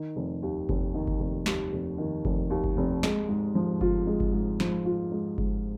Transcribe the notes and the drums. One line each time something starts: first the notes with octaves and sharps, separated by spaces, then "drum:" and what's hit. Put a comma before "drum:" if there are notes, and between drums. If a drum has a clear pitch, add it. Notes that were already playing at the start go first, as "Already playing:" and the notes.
Already playing: D#3
F1
D#2
F1, drum: kick G1
D#3
drum: kick G1
F1
D#2, drum: snare
F1
D#3
F1, drum: kick G1
D#2
drum: kick G1
F1
G#3, drum: snare
G#2
F3
F4, drum: kick G1
G#3
drum: kick G1
G#2
F3, drum: snare
F4
G#3
G#2, drum: kick G1